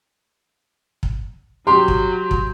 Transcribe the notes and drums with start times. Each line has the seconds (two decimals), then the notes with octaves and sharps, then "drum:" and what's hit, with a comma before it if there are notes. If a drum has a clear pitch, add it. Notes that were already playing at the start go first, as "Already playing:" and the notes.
1.03 drum: kick
1.67 F#3 G4 C6
1.88 drum: kick
2.31 drum: kick